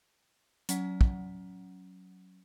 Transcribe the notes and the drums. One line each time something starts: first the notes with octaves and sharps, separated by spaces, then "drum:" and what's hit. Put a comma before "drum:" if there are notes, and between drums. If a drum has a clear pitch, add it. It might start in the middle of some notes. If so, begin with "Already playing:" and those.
F#3 C#4 F#5 B6, drum: hi-hat
drum: kick